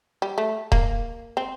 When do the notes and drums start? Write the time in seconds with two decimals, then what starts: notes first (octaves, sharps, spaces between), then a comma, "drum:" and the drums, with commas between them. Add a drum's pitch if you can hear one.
0.22 G3
0.38 A3
0.72 A#3, drum: kick D#1
1.37 C4